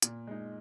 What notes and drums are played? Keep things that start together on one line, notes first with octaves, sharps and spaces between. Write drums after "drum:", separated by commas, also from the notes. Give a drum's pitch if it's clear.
A#2, drum: hi-hat
G#3 D#4